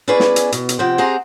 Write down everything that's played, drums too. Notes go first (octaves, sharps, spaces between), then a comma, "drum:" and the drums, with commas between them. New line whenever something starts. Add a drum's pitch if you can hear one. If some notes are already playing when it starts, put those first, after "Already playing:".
B3 C#4 E4 G#4 B4 D5
drum: snare
drum: hi-hat
B2, drum: hi-hat
drum: hi-hat
C3 F3 C4 F#5 G5
C4 G4 G#4 F#5 A#5